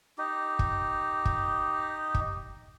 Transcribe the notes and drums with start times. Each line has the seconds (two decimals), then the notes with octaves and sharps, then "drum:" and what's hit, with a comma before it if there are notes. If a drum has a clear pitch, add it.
0.18 D#4 G4
0.59 drum: kick
1.25 drum: kick
2.14 drum: kick